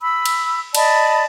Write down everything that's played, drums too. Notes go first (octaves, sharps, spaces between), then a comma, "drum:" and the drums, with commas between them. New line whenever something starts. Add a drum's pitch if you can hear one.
B5 E6
drum: cymbal
D5 D#5 A5 B5, drum: cymbal